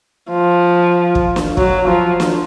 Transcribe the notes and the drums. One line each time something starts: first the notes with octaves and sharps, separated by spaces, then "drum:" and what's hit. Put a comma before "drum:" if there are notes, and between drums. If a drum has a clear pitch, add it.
F3
drum: kick
drum: snare
F#3, drum: kick
F3
drum: snare